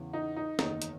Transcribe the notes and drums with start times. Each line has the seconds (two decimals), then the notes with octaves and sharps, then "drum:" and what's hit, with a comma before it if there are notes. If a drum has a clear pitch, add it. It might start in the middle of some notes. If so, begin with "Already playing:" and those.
Already playing: E2 C#3 E3
0.13 D#4
0.36 D#4
0.59 F#1 E2 D#3 D#4, drum: snare
0.82 drum: hi-hat